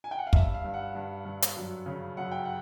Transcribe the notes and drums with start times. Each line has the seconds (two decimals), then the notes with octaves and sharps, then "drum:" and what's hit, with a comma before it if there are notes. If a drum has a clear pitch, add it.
0.04 G#5
0.11 G5
0.19 F#5
0.27 F5
0.33 G2 E5, drum: kick
0.54 F5
0.64 G2
0.74 F#5
0.95 G2
1.25 G2
1.42 drum: hi-hat
1.56 F#2
1.86 C#3
2.17 F#2 F#5
2.31 G5
2.45 F#5